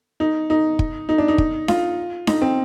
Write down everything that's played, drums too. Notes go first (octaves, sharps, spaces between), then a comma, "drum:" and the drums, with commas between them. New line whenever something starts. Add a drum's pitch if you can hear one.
D#4
D#4
drum: kick
D#4
D4
D#4
drum: kick
F4, drum: snare D4
D#4, drum: snare D4
C4